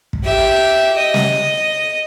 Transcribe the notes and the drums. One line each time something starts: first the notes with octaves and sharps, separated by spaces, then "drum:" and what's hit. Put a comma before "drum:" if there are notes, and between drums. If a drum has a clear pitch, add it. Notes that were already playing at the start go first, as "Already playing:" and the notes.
drum: kick
G4 E5
D#5
drum: snare